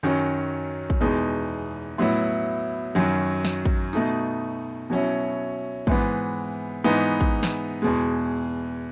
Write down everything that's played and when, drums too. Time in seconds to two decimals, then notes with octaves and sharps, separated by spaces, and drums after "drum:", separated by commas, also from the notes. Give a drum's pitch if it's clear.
0.03 F#2 D#3 F#3 C#4
0.90 drum: kick
1.01 E2 B2 G#3 D#4
1.98 A2 F#3 B3 E4
2.95 F#2 D#3 F#3
3.45 drum: snare
3.65 drum: kick
3.93 B2 A3 D#4, drum: tambourine
4.90 B2 F#3 C#4 E4
5.87 G#2 E3 B3, drum: kick
6.84 G#2 E3 B3 D#4
7.21 drum: kick
7.43 drum: snare
7.82 E2 B2 G#3